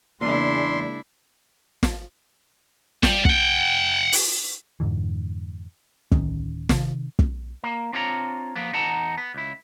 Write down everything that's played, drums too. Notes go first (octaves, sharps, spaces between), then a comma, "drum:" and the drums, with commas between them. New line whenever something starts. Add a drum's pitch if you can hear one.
E2 C#3 G#3 A#3 D4 E4 C6
drum: snare
G3, drum: snare
F#5 G5, drum: kick
drum: open hi-hat
F2 G#2 D3 E3
D1 C#2 D#3 C#4, drum: kick
C3 D#3, drum: snare
drum: kick
A#3
C4 D4 F4 C#5 F5 A#5
F3 A#3 B3
E2 D#4 F#5 A5 A#5
B3
C#2 E4